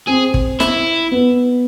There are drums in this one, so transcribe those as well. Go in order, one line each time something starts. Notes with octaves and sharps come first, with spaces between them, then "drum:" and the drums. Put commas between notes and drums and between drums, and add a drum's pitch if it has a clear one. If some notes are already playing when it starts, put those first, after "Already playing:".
C4 G#4
drum: kick
E4, drum: snare
B3